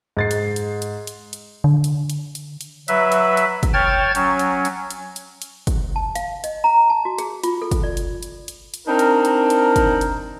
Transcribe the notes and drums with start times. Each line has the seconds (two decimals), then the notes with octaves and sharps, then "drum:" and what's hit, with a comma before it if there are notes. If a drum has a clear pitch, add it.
0.17 G#2 A6 C7
0.31 drum: hi-hat
0.56 drum: hi-hat
0.82 drum: hi-hat
1.07 drum: hi-hat
1.33 drum: hi-hat
1.64 D3
1.84 drum: hi-hat
2.10 drum: hi-hat
2.35 drum: hi-hat
2.61 drum: hi-hat
2.88 F#3 B4 E5, drum: hi-hat
3.12 drum: hi-hat
3.37 drum: hi-hat
3.63 drum: kick, hi-hat
3.73 C#5 G5 A5 F6 G#6 A6
4.15 F#3 C#4, drum: hi-hat
4.39 drum: hi-hat
4.65 drum: hi-hat
4.90 drum: hi-hat
5.16 drum: hi-hat
5.42 drum: hi-hat
5.67 drum: kick, hi-hat
5.96 A5
6.15 F5, drum: hi-hat
6.44 D#5, drum: hi-hat
6.64 A#5
6.90 A5
7.05 F#4
7.18 G#4, drum: hi-hat
7.44 F4, drum: hi-hat
7.62 A4
7.71 drum: kick, hi-hat
7.84 D5
7.97 drum: hi-hat
8.23 drum: hi-hat
8.48 drum: hi-hat
8.74 drum: hi-hat
8.87 C4 D4 D#4 A#4
8.99 drum: hi-hat
9.25 drum: hi-hat
9.50 drum: hi-hat
9.76 drum: kick, hi-hat
10.01 drum: hi-hat